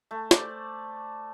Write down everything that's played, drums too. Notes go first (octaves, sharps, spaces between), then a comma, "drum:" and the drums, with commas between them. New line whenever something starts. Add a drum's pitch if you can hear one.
A3
C5 D5, drum: snare